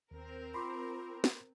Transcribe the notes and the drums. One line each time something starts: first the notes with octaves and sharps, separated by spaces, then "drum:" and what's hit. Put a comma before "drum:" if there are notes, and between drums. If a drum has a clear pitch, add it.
D#2 C4 A#4
F4 B5 C6 D6
drum: snare